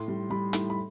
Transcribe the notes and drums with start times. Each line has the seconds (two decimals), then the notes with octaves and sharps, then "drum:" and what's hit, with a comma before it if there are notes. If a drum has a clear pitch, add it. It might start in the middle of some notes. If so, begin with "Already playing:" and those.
Already playing: A2 C6
0.08 G3
0.30 G3 B5
0.53 A2, drum: hi-hat
0.70 B5